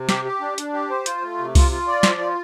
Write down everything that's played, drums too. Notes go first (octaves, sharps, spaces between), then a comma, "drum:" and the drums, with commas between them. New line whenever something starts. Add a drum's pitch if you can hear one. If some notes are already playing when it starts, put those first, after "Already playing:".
Already playing: C3
G4, drum: snare
G4
D4
D4, drum: hi-hat
G4
C5
F4, drum: hi-hat
A3
C3
F4, drum: kick C2, open hi-hat
F4
D5
F3, drum: snare
F4